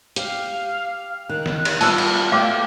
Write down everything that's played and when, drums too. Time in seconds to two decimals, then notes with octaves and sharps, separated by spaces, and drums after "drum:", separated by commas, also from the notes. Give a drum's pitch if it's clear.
0.16 G4 F5, drum: hi-hat
1.29 D#3 F#6
1.46 drum: snare
1.65 drum: cymbal
1.81 G3 B3 F4 A5 D6 E6, drum: open hi-hat
1.98 drum: cymbal
2.32 A3 F5 G5 D6